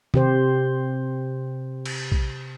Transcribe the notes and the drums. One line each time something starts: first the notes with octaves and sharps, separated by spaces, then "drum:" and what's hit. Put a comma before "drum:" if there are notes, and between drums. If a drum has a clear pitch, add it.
C3 G4 C5, drum: tom
drum: cymbal
drum: kick A#1